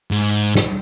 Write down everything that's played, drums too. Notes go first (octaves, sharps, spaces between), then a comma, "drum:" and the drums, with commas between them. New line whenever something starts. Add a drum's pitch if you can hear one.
G#2
drum: snare